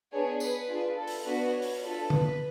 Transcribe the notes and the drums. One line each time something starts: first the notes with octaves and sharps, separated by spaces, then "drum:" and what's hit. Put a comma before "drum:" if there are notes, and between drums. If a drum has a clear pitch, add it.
B3 D4 G#4 C#5
B4, drum: tambourine
D4 F4 G#4
A4
drum: open hi-hat
B3 D4 F#4 B4
C#5
drum: open hi-hat
D4 F4 A4 B4
B4, drum: tom